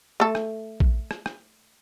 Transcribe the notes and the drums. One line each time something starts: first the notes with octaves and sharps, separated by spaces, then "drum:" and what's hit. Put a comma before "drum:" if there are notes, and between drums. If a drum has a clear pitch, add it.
A3 A4
drum: rim click
drum: kick
drum: rim click
drum: rim click